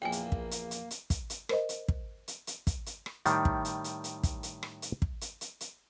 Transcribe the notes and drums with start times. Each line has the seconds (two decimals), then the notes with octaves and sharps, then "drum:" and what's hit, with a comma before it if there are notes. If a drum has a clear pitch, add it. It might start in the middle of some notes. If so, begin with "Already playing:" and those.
0.02 A#1 E2 A#3 G5 G#5
0.12 drum: hi-hat
0.32 drum: kick
0.51 drum: hi-hat
0.71 drum: hi-hat
0.91 drum: hi-hat
1.10 drum: kick, hi-hat
1.30 drum: hi-hat
1.49 A#4 C5 D#5, drum: rim click
1.69 drum: hi-hat
1.88 drum: kick
2.28 drum: hi-hat
2.47 drum: hi-hat
2.67 drum: kick, hi-hat
2.86 drum: hi-hat
3.06 drum: rim click
3.26 A2 D#3 G3, drum: hi-hat
3.45 drum: kick
3.65 drum: hi-hat
3.84 drum: hi-hat
4.04 drum: hi-hat
4.23 drum: kick, hi-hat
4.43 drum: hi-hat
4.63 drum: rim click
4.82 drum: hi-hat
5.02 drum: kick
5.21 drum: hi-hat
5.41 drum: hi-hat
5.61 drum: hi-hat